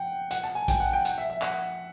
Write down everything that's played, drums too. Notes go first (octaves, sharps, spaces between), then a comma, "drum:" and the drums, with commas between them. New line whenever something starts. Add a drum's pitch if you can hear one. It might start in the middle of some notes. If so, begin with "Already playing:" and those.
Already playing: F#5 G5
F#5, drum: hi-hat
A5
G#5
G5, drum: kick A#1, hi-hat
F#5
G5
F#5, drum: hi-hat
E5
E5
F#5, drum: clap